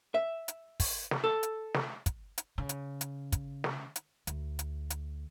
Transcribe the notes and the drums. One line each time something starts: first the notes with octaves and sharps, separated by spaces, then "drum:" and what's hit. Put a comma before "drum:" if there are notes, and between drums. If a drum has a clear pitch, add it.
E5
drum: hi-hat
drum: kick, open hi-hat
drum: snare
A4
drum: hi-hat
drum: snare
drum: kick, hi-hat
drum: hi-hat
C#3
drum: hi-hat
drum: hi-hat
drum: kick, hi-hat
drum: snare
drum: hi-hat
D2, drum: hi-hat
drum: hi-hat
drum: hi-hat